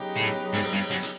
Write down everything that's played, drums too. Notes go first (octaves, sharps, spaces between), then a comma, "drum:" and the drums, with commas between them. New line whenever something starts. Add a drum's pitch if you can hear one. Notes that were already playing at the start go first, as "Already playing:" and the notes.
Already playing: C#3 F#3 B3 D#4 G4
A2
G#2, drum: open hi-hat
G2
F#2
drum: hi-hat